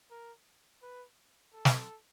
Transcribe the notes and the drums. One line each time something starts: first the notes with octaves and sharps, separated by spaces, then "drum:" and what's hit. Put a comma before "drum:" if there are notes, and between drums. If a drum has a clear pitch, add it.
A#4
B4
A4
drum: snare